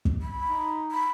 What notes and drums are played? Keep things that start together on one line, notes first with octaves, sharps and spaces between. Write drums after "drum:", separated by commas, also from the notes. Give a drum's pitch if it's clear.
drum: kick
B5
D#4
B5